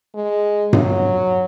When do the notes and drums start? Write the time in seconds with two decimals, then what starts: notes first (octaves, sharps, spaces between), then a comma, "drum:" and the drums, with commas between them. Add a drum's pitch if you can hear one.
0.14 G#3
0.73 F#3, drum: tom G2